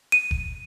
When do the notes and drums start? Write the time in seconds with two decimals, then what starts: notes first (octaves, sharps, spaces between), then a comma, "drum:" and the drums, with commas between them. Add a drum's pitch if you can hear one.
0.12 D#7
0.31 drum: kick